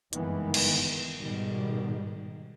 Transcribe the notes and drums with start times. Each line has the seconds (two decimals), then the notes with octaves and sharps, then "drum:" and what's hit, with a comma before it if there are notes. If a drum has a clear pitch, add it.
0.13 F#1 G2 D#3 E3 G#3 B3, drum: hi-hat
0.54 drum: cymbal
1.18 G#2 B2 D#3 G3